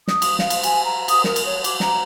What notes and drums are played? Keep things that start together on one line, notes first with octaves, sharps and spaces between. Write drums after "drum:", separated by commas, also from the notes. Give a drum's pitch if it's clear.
D#6, drum: snare
drum: cymbal
F5, drum: snare
drum: cymbal
G#5, drum: cymbal
A#5
D#6, drum: cymbal
A#4, drum: snare
drum: cymbal
C#5
D6, drum: cymbal
A#5, drum: snare